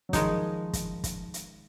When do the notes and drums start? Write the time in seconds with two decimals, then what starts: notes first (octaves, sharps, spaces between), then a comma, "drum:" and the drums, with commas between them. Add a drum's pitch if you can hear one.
0.09 F#3
0.13 D#3 F3 G#3 D#4, drum: kick, hi-hat
0.73 drum: kick, hi-hat
1.04 drum: kick, hi-hat
1.34 drum: hi-hat